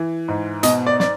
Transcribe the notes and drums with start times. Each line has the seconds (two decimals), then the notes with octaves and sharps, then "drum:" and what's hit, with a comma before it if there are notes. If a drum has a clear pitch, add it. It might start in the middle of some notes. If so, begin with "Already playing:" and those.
Already playing: E3
0.28 G#2
0.63 B2 D#5, drum: hi-hat
0.87 D5
1.00 D5, drum: snare